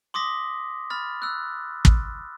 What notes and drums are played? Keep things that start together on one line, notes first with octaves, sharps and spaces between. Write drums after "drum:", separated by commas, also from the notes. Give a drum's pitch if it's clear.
C6 D6 D#6 A#6 B6
B5 F6 A6
E6 F#6
drum: kick